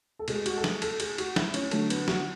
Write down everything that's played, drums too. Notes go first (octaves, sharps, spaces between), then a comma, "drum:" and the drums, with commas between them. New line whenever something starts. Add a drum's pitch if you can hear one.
A4
B2 G#3 G#4, drum: cymbal
F#4, drum: cymbal
A4
G#4, drum: snare
A4, drum: cymbal
G#4, drum: cymbal
F#4, drum: cymbal
E4, drum: snare
C#4, drum: cymbal
D3 F#3 A3, drum: cymbal
B3, drum: cymbal
F#4, drum: snare